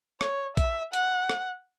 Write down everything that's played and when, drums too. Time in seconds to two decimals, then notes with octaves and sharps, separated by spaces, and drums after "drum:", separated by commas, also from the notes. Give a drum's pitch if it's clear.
0.21 C#5, drum: rim click
0.57 E5, drum: kick A#1, hi-hat
0.93 F#5, drum: hi-hat
1.29 drum: rim click